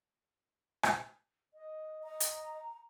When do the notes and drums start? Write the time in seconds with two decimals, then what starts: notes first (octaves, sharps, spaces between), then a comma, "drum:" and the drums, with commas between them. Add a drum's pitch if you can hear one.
0.83 drum: rim click
1.54 D#5
2.04 D#5 A#5
2.20 drum: hi-hat